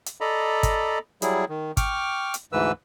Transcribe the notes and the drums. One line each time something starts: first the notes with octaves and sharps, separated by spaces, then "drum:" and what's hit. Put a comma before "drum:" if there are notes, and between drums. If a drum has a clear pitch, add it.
drum: hi-hat
A4 D5 D#5 A#5 B5
drum: kick, hi-hat
F#3 G3 E4 G#4, drum: hi-hat
D#3
G5 C#6 D6 F6, drum: kick, hi-hat
drum: hi-hat
D2 G#2 E3 B4 E6